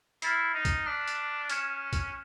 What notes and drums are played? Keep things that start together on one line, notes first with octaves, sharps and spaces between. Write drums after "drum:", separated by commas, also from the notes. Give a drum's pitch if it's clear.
E4 F6 A6 C7, drum: hi-hat
D#4
drum: kick, hi-hat
D4 F#6 B6 E7
drum: hi-hat
C#4 F6 G#6 C#7 E7, drum: hi-hat
drum: kick, hi-hat